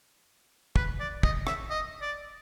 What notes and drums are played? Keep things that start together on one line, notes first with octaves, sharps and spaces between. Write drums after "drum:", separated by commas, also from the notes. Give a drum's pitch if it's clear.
B4, drum: kick
D5
D#5, drum: kick
E5, drum: rim click
D#5
D5